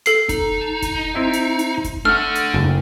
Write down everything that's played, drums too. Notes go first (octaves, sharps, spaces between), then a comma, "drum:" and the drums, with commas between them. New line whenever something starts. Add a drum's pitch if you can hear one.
A4 C7, drum: hi-hat
D#4, drum: kick F#1, hi-hat
A5
drum: kick F#1, hi-hat
C4 E4 D#5
drum: hi-hat
drum: hi-hat
drum: kick F#1, hi-hat
A3 D4 F#5 F6
drum: hi-hat
F#1